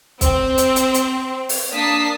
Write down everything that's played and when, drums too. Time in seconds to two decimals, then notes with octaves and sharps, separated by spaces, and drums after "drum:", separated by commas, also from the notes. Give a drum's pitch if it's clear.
0.21 C4, drum: kick, hi-hat
0.58 drum: hi-hat
0.76 drum: hi-hat
0.94 drum: hi-hat
1.49 drum: open hi-hat
1.72 A#3 D4 A5 D#6 B6 C7